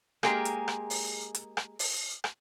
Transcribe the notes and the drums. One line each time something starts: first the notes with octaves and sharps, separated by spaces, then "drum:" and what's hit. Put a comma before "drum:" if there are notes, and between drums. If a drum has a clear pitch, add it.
G#3 A#3 G4 G#4 A#4, drum: rim click
drum: hi-hat
drum: rim click
drum: open hi-hat
drum: hi-hat
drum: rim click
drum: open hi-hat
drum: rim click